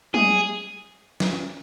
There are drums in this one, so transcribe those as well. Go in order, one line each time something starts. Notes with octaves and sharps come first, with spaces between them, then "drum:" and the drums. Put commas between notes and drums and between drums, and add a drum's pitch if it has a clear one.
G#4, drum: tom
drum: snare